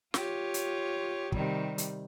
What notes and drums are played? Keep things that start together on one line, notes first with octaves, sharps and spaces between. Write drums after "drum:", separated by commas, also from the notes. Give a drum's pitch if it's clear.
F4 G4 C#5, drum: snare
drum: hi-hat
C3 D#3 G3, drum: kick
drum: hi-hat